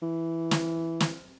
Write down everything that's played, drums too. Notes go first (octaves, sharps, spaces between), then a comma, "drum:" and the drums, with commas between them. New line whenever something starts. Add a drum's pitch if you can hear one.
E3
drum: snare
drum: snare